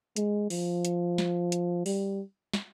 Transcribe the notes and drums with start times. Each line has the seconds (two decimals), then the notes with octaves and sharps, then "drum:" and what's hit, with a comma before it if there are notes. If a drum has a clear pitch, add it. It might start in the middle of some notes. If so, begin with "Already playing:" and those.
0.16 G#3, drum: hi-hat
0.50 F3, drum: open hi-hat
0.85 drum: hi-hat
1.18 drum: snare
1.52 drum: hi-hat
1.86 G3, drum: open hi-hat
2.54 drum: snare